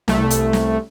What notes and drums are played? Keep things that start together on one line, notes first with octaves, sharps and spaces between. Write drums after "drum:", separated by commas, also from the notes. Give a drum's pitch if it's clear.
C2 A3, drum: snare
drum: hi-hat
drum: snare